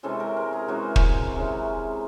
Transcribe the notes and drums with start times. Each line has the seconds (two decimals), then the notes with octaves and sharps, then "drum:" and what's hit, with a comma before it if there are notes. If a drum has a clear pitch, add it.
0.03 C3 E3 G#3 C#4 A4
0.20 A#4
0.37 A#4
0.53 G#4
0.68 C3 E3 G#3 C#4 F#4
0.96 drum: kick
1.34 C3 E3 G#3 C#4